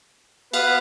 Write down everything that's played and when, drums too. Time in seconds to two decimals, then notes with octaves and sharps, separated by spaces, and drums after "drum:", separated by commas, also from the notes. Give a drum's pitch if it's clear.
0.54 B3 B4 F5, drum: cymbal